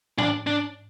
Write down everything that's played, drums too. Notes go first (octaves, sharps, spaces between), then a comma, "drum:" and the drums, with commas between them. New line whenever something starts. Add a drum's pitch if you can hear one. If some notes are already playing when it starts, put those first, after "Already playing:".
D4, drum: tom G#2
D4